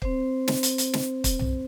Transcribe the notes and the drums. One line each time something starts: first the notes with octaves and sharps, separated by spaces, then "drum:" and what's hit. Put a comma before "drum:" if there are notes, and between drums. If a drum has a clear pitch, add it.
C4 C5, drum: kick
drum: snare
drum: hi-hat
drum: hi-hat
drum: snare
drum: kick, hi-hat
drum: tom B1